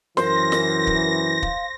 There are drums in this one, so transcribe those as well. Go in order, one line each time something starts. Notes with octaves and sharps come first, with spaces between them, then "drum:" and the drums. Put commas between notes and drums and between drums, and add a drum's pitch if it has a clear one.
F#2 E3 A#4 C5 A#6, drum: snare
drum: snare
drum: kick
F5, drum: kick